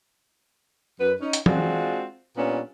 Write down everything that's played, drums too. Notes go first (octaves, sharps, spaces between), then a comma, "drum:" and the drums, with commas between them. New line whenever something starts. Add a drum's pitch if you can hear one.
F#2 B4
C#4 D#4
drum: hi-hat
G#3 C4 D4 F4 F#4, drum: tom E3
A#2 G3 B3 C#4 D4